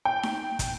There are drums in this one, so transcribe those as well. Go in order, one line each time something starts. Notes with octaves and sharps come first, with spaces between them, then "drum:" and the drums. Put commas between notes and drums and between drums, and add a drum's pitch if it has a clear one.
G5
drum: snare D#4
drum: kick, hi-hat